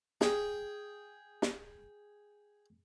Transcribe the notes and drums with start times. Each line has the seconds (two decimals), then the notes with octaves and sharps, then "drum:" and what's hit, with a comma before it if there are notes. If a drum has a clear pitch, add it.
0.21 G#4 G5, drum: snare
1.42 drum: snare